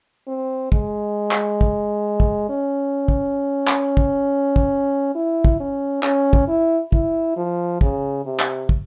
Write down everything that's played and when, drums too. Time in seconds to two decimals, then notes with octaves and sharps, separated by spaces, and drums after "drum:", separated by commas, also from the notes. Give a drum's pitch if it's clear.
0.28 C4
0.72 G#3, drum: kick
1.31 drum: clap
1.61 drum: kick
2.20 drum: kick
2.49 C#4
3.08 drum: kick
3.67 drum: clap
3.97 drum: kick
4.56 drum: kick
5.15 E4
5.45 drum: kick
5.60 C#4
6.03 C#4, drum: clap
6.33 drum: kick
6.48 E4
6.92 E4, drum: kick
7.36 F3
7.81 C#3, drum: kick
8.25 C3
8.40 drum: clap
8.69 drum: kick